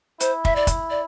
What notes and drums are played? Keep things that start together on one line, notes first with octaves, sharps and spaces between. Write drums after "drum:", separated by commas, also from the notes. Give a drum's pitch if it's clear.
E4 C5, drum: hi-hat
E5, drum: kick
D5
drum: kick, hi-hat
D5